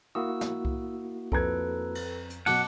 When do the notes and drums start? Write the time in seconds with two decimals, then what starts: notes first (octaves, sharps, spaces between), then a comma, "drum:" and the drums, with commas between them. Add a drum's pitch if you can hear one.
0.15 A#3 E4 F#4 D#6 E6
0.41 drum: snare
0.65 drum: kick C2
1.32 F2 A4 B4 A#5 G#6, drum: kick C2
1.95 drum: cymbal
2.30 drum: hi-hat
2.46 B2 F#3 F#5 A5 D6, drum: cymbal